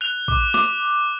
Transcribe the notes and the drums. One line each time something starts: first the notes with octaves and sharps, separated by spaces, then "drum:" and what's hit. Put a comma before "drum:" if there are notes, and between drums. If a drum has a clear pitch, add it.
F#6 F7
D6, drum: kick A1
D6, drum: snare